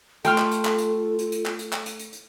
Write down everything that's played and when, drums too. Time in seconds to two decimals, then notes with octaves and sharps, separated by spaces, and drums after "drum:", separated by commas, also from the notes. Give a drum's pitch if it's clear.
0.25 A3 F4 A4 G5 C6 F6, drum: hi-hat
0.38 drum: clap
0.52 drum: hi-hat
0.65 drum: clap
0.78 drum: hi-hat
1.19 drum: hi-hat
1.32 drum: hi-hat
1.46 drum: clap
1.59 drum: hi-hat
1.72 drum: clap
1.86 drum: hi-hat
1.99 drum: hi-hat
2.13 drum: hi-hat